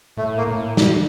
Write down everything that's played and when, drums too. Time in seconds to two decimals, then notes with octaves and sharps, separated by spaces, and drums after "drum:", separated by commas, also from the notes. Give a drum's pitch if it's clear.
0.17 A2 A3
0.37 A#3
0.47 A2
0.77 drum: snare